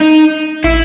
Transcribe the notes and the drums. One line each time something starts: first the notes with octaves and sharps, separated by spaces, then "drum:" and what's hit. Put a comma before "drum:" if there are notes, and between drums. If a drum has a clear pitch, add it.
D#4
E4, drum: kick